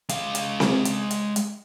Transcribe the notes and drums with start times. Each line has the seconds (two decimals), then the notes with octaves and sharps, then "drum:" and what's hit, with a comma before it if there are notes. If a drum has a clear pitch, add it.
0.09 G#3 F5, drum: hi-hat
0.35 drum: hi-hat
0.60 drum: snare C4
0.85 drum: hi-hat
1.11 drum: hi-hat
1.36 drum: hi-hat